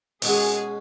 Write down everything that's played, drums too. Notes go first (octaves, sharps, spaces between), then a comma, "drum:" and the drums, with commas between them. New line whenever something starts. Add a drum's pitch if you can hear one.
B2 G#3 C#4 F#4 G#4, drum: open hi-hat